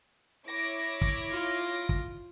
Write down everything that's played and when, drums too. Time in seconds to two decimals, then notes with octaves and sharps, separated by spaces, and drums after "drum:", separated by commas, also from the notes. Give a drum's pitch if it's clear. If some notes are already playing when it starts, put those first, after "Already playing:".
0.48 E4 C#5 D6 A#6
1.01 drum: kick
1.31 F4
1.89 drum: kick